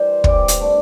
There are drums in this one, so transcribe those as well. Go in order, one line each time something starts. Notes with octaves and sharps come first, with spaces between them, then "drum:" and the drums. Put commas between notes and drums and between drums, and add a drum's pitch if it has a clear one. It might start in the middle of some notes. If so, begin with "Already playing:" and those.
Already playing: E3 G3 C5
E3 G3 C4 D5, drum: kick
drum: hi-hat
D3 A3 D4